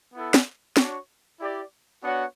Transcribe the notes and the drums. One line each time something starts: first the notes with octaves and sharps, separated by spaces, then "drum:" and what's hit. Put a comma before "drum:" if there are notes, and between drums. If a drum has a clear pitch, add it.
B3 E4 A4
drum: snare
D4 F#4 C#5, drum: snare
E4 G4 D5
B3 D4 F#4 C#5 F#5